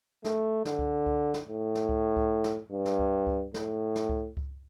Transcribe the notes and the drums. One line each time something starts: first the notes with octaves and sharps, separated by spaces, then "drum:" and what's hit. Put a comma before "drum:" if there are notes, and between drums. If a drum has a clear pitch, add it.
A3, drum: snare
D3, drum: snare
drum: kick C#2
drum: kick C#2
drum: snare
A2
drum: snare
drum: kick C#2
drum: kick C#2
drum: snare
G2
drum: snare
drum: kick C#2
drum: kick C#2
A2, drum: snare
drum: snare
drum: kick C#2
drum: kick C#2